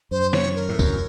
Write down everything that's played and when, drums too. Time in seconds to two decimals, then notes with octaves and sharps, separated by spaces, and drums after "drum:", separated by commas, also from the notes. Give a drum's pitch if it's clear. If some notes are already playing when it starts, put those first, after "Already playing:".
0.11 F#2 C5
0.33 C#5, drum: snare
0.56 A#4
0.69 A2
0.79 F#2, drum: kick, tambourine